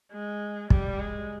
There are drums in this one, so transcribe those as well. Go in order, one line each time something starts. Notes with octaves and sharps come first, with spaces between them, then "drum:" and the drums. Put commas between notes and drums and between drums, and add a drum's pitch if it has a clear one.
G#3
G3, drum: kick
G#3